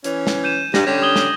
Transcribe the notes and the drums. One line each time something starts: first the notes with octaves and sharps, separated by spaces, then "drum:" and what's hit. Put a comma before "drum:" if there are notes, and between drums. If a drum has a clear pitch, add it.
E3 C#4, drum: hi-hat
drum: snare
G6 D#7 E7
G2 A#6, drum: snare
D3 G3 C#4
D#6 G#6 G7
drum: snare